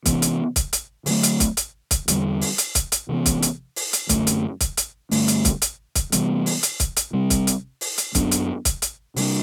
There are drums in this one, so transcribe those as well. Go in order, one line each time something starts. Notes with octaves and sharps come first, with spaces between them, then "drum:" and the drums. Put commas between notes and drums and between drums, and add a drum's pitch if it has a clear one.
C3 E3 B3, drum: kick, hi-hat
drum: hi-hat
drum: kick, hi-hat
drum: hi-hat
D3 F#3 A3, drum: open hi-hat
drum: hi-hat
drum: kick, hi-hat
drum: hi-hat
drum: kick, hi-hat
E2 D3 G3, drum: hi-hat
drum: open hi-hat
drum: hi-hat
drum: kick, hi-hat
drum: hi-hat
C3 E3 B3
drum: kick, hi-hat
drum: hi-hat
drum: open hi-hat
drum: hi-hat
F#2 D3 A3, drum: kick, hi-hat
drum: hi-hat
drum: kick, hi-hat
drum: hi-hat
G2 D3 A3, drum: open hi-hat
drum: hi-hat
drum: kick, hi-hat
drum: hi-hat
drum: kick, hi-hat
C3 E3 G3 B3, drum: hi-hat
drum: open hi-hat
drum: hi-hat
drum: kick, hi-hat
drum: hi-hat
C3 G3 C4
drum: kick, hi-hat
drum: hi-hat
drum: open hi-hat
drum: hi-hat
F#2 F#3 B3 D4, drum: kick, hi-hat
drum: hi-hat
drum: kick, hi-hat
drum: hi-hat
C3 G3 D4, drum: open hi-hat